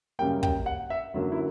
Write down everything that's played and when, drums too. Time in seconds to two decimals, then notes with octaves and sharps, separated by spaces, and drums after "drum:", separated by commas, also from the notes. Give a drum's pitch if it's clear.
0.19 F#2 C#3 G3 A#3 G5
0.43 G5, drum: kick
0.66 F#5
0.90 E5
1.14 F#2 D3 F#3 A#3
1.32 E4